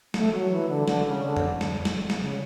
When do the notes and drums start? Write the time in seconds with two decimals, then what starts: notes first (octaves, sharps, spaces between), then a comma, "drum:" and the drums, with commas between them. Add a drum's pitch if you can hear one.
0.14 A3, drum: snare
0.33 F#3
0.51 E3
0.69 D3
0.88 D3, drum: snare
1.06 C#3
1.24 D3
1.37 drum: tom F2
1.61 drum: snare
1.85 drum: snare
2.10 drum: snare
2.22 C#3